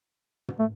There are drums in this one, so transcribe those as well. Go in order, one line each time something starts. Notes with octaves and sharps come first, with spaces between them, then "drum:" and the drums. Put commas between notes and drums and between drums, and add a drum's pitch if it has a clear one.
drum: tom
A3